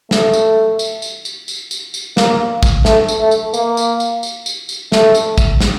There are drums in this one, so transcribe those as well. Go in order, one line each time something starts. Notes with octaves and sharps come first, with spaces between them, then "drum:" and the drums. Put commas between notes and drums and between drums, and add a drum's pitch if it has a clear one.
A3, drum: snare
drum: tambourine
drum: tambourine
drum: tambourine
drum: tambourine
drum: tambourine
drum: tambourine
drum: tambourine
A#3, drum: snare
drum: kick, tambourine
A3, drum: snare
drum: tambourine
A3
drum: tambourine
A#3, drum: tambourine
drum: tambourine
drum: tambourine
drum: tambourine
drum: tambourine
drum: tambourine
A3, drum: snare
drum: tambourine
drum: kick, tambourine
drum: snare